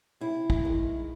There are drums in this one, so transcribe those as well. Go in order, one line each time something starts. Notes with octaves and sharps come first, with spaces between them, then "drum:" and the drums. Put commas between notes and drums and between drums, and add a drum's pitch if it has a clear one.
C3 E4
drum: kick
D#3 G#3